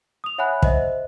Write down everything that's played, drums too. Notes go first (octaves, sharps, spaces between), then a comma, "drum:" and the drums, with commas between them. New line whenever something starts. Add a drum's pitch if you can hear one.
D#6 F7
C#5 E5 F#5 G#5 B5 F#6
C5 D#5 E5, drum: kick